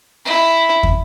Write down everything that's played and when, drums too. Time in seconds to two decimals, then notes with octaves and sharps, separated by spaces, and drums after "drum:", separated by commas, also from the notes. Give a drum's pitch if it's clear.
0.25 E4
0.83 drum: kick